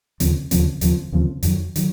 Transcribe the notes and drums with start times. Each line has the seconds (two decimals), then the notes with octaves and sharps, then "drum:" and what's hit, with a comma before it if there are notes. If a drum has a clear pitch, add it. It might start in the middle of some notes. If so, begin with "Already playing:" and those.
0.20 D#2 C#3 F3 C4, drum: hi-hat
0.51 D#2 C#3 F3 C4, drum: hi-hat
0.81 D#2 C#3 F3 C4, drum: hi-hat
1.12 D#2 C#3 F3 C4
1.43 F2 D#3 F#3, drum: hi-hat
1.76 D#3 F#3, drum: hi-hat